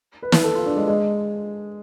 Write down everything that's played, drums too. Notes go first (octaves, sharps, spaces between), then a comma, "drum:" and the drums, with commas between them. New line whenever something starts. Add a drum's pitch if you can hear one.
B4
drum: snare
A4
F4
D4
G#3
G#3